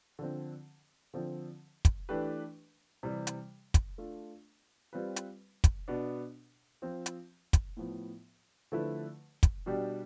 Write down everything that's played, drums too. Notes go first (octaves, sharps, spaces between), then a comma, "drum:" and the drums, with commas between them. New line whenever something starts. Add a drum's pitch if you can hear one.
D3 F3 C4
D3 F3 C4
drum: kick, hi-hat
E3 A3 D4 G4 B4
C3 E3 G3
drum: hi-hat
drum: kick, hi-hat
A3 D4 F4
G3 C4 F4 B4
drum: hi-hat
drum: kick, hi-hat
B2 B3 D4
F3 C4 F4
drum: hi-hat
drum: kick, hi-hat
A2 F3 B3
D3 F3 A3 E4 B4
drum: kick, hi-hat
B2 G3 D4 G4